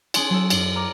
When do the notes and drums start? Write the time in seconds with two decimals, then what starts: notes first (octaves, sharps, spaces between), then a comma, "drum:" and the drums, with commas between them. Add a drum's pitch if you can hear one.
0.14 C#4 G#4 C6 F#6 C#7, drum: cymbal
0.30 F#3 G#4 A4
0.50 F#2 C7, drum: cymbal
0.75 A#5 D6 F6